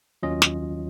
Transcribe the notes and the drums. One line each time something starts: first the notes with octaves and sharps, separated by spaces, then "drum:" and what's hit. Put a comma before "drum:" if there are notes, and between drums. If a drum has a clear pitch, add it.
D#2 D#3 F#3 C#4 F4 D#5
drum: snare